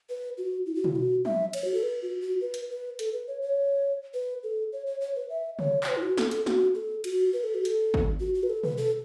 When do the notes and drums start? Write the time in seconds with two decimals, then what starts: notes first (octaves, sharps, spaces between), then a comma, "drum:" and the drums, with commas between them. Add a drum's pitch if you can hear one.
0.09 B4
0.38 F#4
0.66 E4
0.75 F#4
0.84 E4, drum: tom
0.96 F#4
1.25 E5, drum: tom
1.53 C#5, drum: cymbal
1.65 F#4
1.74 A4
1.83 B4
2.02 F#4
2.21 F#4
2.41 B4
2.54 drum: hi-hat
2.70 B4
2.99 A4, drum: hi-hat
3.13 B4
3.27 C#5
3.42 C#5
4.14 B4
4.43 A4
4.72 C#5
4.86 C#5
5.01 C#5
5.16 B4
5.30 E5
5.59 C#5, drum: tom
5.83 C#5, drum: clap
5.88 B4
5.97 E4
6.03 F#4
6.18 A4, drum: snare
6.31 A4, drum: hi-hat
6.46 F#4, drum: snare
6.75 A4
7.04 F#4, drum: cymbal
7.33 B4
7.44 A4
7.55 F#4
7.65 A4, drum: hi-hat
7.94 drum: kick G#1
8.20 F#4
8.35 F#4
8.43 B4
8.50 A4
8.64 B4, drum: tom
8.78 A4